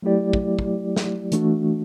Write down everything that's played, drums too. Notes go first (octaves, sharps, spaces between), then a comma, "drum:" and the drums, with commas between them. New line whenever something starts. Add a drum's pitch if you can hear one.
F#3 A3 E4 G4 D5
drum: kick
drum: kick
drum: snare
E3 A3 D4 F#4, drum: hi-hat